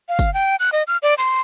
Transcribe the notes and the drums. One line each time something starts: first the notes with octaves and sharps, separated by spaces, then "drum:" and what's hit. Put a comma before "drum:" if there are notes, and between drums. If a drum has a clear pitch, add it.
F5
drum: kick, tambourine
G5
F#6
D#5
F6
D5
C6